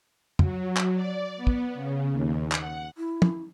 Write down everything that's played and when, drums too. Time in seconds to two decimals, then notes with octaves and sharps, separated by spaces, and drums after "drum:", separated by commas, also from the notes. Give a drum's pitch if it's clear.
0.39 F#3, drum: tom
0.77 drum: clap
0.95 D5
1.37 B3
1.47 drum: kick
1.74 C#3
2.12 D#2
2.52 F#5, drum: clap
2.96 E4
3.22 drum: tom